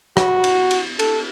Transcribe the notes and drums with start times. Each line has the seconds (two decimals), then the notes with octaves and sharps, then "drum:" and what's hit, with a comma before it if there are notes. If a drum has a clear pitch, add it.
0.17 F#4, drum: rim click
0.44 drum: cymbal
0.71 drum: cymbal
0.99 A4, drum: cymbal